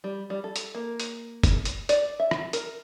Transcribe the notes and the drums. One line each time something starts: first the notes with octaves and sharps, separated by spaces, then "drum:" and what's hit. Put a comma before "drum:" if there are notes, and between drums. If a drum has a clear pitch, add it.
G3
G3
A4
drum: hi-hat
A#3
drum: hi-hat
drum: kick, hi-hat
drum: hi-hat
D5, drum: hi-hat
E5
drum: rim click
A#4, drum: hi-hat